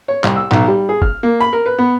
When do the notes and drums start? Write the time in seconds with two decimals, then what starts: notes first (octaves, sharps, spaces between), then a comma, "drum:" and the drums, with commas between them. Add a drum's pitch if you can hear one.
0.08 C#5
0.24 C2, drum: clap
0.36 E6
0.51 B1, drum: clap
0.68 G3
0.89 G#4
1.02 F6, drum: kick
1.23 A#3
1.41 B5
1.53 A#4
1.66 B4
1.78 B3